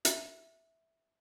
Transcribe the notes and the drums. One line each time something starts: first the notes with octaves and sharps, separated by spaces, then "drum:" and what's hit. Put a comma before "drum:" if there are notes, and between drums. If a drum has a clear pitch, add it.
E5, drum: hi-hat